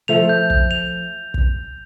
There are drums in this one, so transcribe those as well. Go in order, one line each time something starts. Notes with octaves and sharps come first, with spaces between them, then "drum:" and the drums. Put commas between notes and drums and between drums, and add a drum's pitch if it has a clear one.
F3 A3 F7
G6
G6, drum: kick
F7
drum: kick